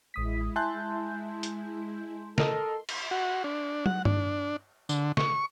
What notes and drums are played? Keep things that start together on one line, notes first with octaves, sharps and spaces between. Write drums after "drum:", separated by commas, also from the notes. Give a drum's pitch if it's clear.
A1 G#3 E4 D#6 B6
E5 G#5 A5 C6 F#6 G6
drum: hi-hat
A4 A#4 D#5 C6, drum: snare
drum: cymbal
F#4
D4
F#5, drum: tom
D4, drum: tom G2
D3, drum: tambourine
C#6, drum: snare